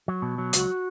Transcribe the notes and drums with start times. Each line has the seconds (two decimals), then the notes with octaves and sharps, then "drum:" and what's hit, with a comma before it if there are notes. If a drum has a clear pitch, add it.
0.08 F#3
0.22 B2
0.38 F#3
0.53 C#2 F#4, drum: hi-hat